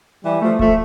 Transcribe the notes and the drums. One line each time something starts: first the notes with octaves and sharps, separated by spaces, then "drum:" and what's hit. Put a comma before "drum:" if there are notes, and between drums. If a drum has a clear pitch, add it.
E3 G3
F3 A3
F3 A3, drum: kick D1